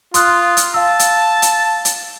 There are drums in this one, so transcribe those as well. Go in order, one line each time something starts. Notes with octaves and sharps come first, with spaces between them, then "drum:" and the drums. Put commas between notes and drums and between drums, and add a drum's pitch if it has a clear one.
F4 C6 D#6 F#6, drum: hi-hat
drum: hi-hat
F5 A5 E6
drum: hi-hat
drum: hi-hat
drum: hi-hat